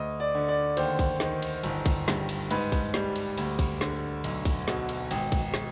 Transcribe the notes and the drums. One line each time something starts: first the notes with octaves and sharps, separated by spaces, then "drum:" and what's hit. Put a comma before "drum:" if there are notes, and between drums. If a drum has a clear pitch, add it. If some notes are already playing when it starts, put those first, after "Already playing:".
Already playing: D2 D#5
D5
D3
D5
D#2 C5, drum: cymbal
drum: kick A#1, cymbal
D#3, drum: snare
drum: cymbal
G1, drum: cymbal
drum: kick A#1, cymbal
G2, drum: snare
drum: cymbal
G#2 B4, drum: cymbal
drum: kick A#1, cymbal
G3, drum: snare
drum: cymbal
D2, drum: cymbal
drum: kick A#1, cymbal
D3, drum: snare
B1, drum: cymbal
drum: kick A#1, cymbal
B2, drum: snare
drum: cymbal
G#1, drum: cymbal
drum: kick A#1, cymbal
drum: snare